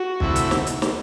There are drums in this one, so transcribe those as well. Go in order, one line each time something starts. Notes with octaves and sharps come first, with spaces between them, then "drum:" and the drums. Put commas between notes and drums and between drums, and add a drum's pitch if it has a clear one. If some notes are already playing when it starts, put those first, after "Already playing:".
Already playing: F#4
D2 C3 E3 A3 E4, drum: kick
drum: hi-hat
drum: snare
drum: hi-hat
drum: snare